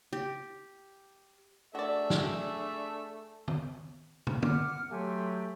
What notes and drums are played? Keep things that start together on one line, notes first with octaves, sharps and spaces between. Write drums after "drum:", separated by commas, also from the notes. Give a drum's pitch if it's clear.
G4
A3 D4 F#4 G#4 D5 E5
drum: snare
drum: tom
drum: tom
F#5 D6 F6, drum: tom
F#3 A3 G4 G#5 C6